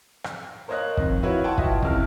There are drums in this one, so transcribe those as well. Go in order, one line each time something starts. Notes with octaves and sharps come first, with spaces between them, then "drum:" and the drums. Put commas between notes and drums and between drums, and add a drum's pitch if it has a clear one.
drum: rim click
A#4 C5 C#5 D#5 F5 F#6
F2 D#3, drum: kick
E4 F#4 B4 C#5 F5
F#5 G5 A5 C6 C#6 G#6
F4 D#5 E5, drum: kick
F#1 C3 E4 F6, drum: kick